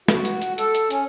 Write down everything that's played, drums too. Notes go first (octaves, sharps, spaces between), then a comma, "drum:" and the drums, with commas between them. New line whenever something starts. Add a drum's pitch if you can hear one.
F#4, drum: snare
drum: hi-hat
drum: hi-hat
A4, drum: hi-hat
drum: hi-hat
C#4, drum: hi-hat